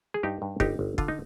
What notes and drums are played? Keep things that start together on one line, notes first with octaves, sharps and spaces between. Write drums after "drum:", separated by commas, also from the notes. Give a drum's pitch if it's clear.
G#4
G2 D#4 G4
G2
G1 D#4 G4, drum: kick
G1
D3 F4, drum: kick
D#4